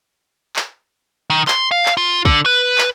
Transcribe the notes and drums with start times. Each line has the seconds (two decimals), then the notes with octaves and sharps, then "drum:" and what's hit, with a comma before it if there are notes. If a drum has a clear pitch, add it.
0.56 drum: clap
1.30 D#3
1.48 C6, drum: clap
1.71 F5
1.85 drum: clap
1.97 F4
2.25 D3, drum: kick
2.46 B4
2.78 drum: clap